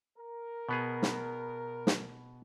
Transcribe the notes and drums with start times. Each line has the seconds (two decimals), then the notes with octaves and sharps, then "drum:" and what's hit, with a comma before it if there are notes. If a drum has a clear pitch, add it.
0.18 A#4
0.69 B2 B3 G#4
1.03 drum: snare
1.87 drum: snare